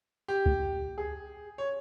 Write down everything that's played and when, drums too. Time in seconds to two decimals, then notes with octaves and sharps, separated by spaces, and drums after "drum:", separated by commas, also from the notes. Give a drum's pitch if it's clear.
0.28 G4
0.46 drum: kick C#2
0.98 G#4
1.58 C#5